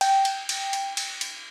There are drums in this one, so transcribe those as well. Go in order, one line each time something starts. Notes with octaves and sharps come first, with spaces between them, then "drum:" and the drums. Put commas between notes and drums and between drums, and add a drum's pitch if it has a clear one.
G5, drum: cymbal
drum: cymbal
drum: cymbal
drum: cymbal
drum: cymbal
drum: cymbal